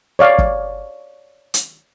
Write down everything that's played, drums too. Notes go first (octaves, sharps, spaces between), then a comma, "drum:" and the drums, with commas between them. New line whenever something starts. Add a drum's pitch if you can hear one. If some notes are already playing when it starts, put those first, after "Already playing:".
C#5 D5 F5
drum: kick
drum: hi-hat